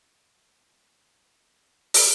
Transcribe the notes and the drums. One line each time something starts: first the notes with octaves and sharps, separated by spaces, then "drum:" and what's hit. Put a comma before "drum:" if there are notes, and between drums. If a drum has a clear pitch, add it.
F6
F#5
B3
F6
drum: open hi-hat